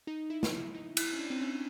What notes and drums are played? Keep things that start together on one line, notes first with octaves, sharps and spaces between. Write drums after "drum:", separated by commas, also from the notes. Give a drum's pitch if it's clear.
D#4
E4
drum: snare
E4
D#4
E4, drum: cymbal
C#4
D4
C4
C#4